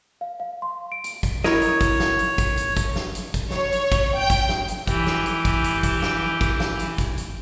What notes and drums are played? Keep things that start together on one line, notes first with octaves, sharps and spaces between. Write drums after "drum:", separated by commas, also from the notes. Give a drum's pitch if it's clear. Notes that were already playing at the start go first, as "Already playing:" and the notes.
F5
F5
C6
D7
drum: hi-hat
drum: kick, hi-hat
E4 A#4 C#5 D#5, drum: snare
drum: hi-hat
drum: kick, hi-hat
drum: snare
drum: hi-hat
drum: kick, hi-hat
drum: hi-hat
drum: kick, hi-hat
drum: snare
drum: hi-hat
drum: kick, hi-hat
C#5, drum: snare
drum: hi-hat
drum: kick, hi-hat
G5
drum: kick, hi-hat
drum: snare
drum: hi-hat
E3 G4, drum: kick, hi-hat
drum: snare
drum: hi-hat
drum: kick, hi-hat
drum: hi-hat
drum: kick, hi-hat
drum: snare
drum: kick, hi-hat
drum: snare
drum: hi-hat
drum: kick, hi-hat
drum: hi-hat